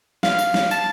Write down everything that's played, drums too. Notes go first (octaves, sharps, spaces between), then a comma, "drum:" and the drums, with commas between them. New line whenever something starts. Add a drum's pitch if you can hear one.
F5, drum: snare
drum: tambourine
drum: snare
A5, drum: tambourine